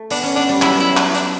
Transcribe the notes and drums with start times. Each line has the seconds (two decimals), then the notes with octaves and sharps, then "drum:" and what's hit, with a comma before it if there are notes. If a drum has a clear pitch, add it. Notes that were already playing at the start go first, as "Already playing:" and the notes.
Already playing: A3
0.10 B3 D4, drum: open hi-hat
0.23 C#4
0.36 B3 D4
0.49 G3
0.62 F#3 E4, drum: clap
0.80 E4, drum: hi-hat
0.97 drum: clap
1.15 D4, drum: hi-hat